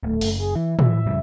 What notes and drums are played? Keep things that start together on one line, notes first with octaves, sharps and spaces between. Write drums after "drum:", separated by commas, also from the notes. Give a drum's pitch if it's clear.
D1 A3
F#1, drum: open hi-hat
G#4
E3 E4
E3 F3 E5, drum: tom
F2 C#3 G3